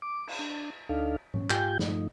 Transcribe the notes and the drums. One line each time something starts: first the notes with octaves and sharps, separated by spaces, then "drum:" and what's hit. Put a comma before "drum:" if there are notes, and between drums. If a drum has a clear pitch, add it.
D6
drum: cymbal
D4
D2 D4 D#4 A4 F5
C#4, drum: tom G#2
G#2 F4 G4 G5 G#5 G6, drum: clap
G2 F3 A3 D#4, drum: snare